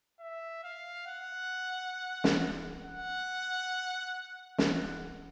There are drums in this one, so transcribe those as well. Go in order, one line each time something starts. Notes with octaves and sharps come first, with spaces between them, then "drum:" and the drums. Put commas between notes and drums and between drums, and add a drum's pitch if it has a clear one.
E5
F5
F#5
drum: snare
F#5
F#5, drum: snare